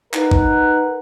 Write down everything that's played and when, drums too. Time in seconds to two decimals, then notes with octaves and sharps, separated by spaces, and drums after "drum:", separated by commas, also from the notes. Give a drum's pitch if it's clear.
0.14 D#4 A#4 B4 F#5, drum: clap
0.31 drum: kick G#1